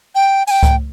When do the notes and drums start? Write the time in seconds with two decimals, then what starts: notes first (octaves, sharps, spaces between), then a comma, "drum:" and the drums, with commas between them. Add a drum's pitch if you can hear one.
0.15 G5
0.47 G#5, drum: open hi-hat
0.51 G5
0.63 drum: kick C#2, hi-hat